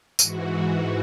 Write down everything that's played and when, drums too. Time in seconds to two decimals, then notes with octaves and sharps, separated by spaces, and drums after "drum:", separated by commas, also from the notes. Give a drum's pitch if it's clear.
0.19 G#2 E3 F#4, drum: tambourine